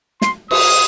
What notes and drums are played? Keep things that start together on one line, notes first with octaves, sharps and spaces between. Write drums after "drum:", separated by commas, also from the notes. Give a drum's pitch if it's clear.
C6, drum: snare
D#6, drum: cymbal